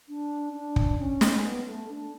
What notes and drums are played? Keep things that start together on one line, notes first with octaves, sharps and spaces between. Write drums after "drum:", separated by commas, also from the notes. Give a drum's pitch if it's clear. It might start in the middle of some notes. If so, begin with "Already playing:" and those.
D4
D4
drum: kick
C#4
drum: snare
A3
B3
A3
D4